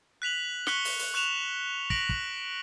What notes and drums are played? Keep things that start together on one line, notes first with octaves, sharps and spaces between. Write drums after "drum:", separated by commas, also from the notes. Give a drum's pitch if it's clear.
F#6 B6 F7 F#7
C#6 F#6 B6 C#7 F#7 G7, drum: snare
drum: open hi-hat
drum: open hi-hat
C#6 F#6 E7 F7
A#6 B6 D7 F#7, drum: kick
drum: kick